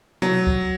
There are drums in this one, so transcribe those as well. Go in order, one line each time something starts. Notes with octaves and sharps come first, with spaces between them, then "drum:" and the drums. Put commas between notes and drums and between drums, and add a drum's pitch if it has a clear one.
F#3, drum: tom B2
drum: kick C#2